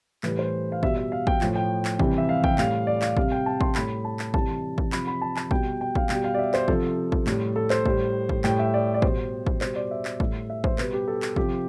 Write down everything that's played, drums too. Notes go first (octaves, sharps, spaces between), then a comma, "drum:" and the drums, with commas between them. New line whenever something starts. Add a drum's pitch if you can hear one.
A2 E3 G3 B4, drum: clap
C5
F5
B2 G3 E5, drum: kick
E5
F5
G5, drum: kick
A2 F3, drum: clap
G5
drum: clap
C3 E3 G3, drum: kick
E5
F5
G5, drum: kick
A2 G3 F5, drum: clap
D5
F5, drum: clap
C3 G3 F5, drum: kick
G5
A5
C6, drum: kick
A2 G3 B5, drum: clap
A5
drum: clap
C3 E3 G3 A5, drum: kick
drum: kick
C3 F3 B5, drum: clap
B5
A5
A5, drum: clap
B2 G3 G5, drum: kick
G5
F5, drum: kick
B2 G3 G5, drum: clap
F5
D5
E5
C5, drum: clap
C3 F3 A4, drum: kick
drum: kick
A2 G3, drum: clap
A4
C5, drum: clap
A2 G3, drum: kick
drum: kick
A2 G3 G5, drum: clap
E5
D5
D5
B2 G3 C5, drum: kick
drum: kick
B2 G3 C5, drum: clap
D5
E5
drum: clap
A2 G3, drum: kick
E5
C5, drum: kick
B2 G3 B4, drum: clap
G4
A4
drum: clap
C3 F3 G4, drum: kick